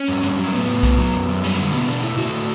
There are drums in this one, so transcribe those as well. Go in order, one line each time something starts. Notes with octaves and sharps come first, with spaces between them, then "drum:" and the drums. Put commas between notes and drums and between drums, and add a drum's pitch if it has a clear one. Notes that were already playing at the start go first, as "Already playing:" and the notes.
Already playing: C#4
G2
G2, drum: hi-hat
F#3
A2 B3
A2
A2, drum: kick B1, hi-hat
F#3
F#2
F#2
G3, drum: open hi-hat
D3
B2 B3
B2 D4
A3 E4, drum: hi-hat
A3 F#4
A2